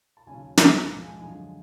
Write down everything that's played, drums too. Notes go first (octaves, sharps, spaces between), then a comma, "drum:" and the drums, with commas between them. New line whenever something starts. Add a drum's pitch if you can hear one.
A5
D#2 C#3 F#3 G#5
D#2 D#3 G#3, drum: snare
G#2 F3 G#3 A5
G#5
F#2 D3 F3 G#3 G#5